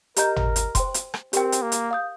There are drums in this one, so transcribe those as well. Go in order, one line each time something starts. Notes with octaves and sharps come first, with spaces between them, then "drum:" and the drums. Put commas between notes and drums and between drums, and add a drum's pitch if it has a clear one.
G4 A#4 D#5 A#5 G6, drum: hi-hat
drum: tom G#1
drum: hi-hat
C5 G5 C6, drum: kick F1, hi-hat
drum: hi-hat
drum: rim click
C4 G4 A#4 G5, drum: hi-hat
drum: hi-hat
A#3
drum: hi-hat
F5 D#6 G6